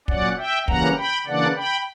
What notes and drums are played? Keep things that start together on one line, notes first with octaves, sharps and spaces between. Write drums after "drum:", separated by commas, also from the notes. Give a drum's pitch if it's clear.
A#2 F#3 C#4 D5 F#5, drum: kick
E5 G5
C#3 E3 G3 A#3 C#4 F#5 A#5, drum: kick
G5 B5
C#3 E3 A#3 D4 D5 F#5
G5 B5